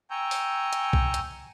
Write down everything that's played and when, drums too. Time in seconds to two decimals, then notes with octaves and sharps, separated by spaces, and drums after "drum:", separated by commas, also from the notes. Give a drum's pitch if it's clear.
0.11 G5 G#5 A#5 C#6 E6 G6
0.31 drum: open hi-hat
0.73 drum: hi-hat
0.93 drum: kick B1
1.14 drum: hi-hat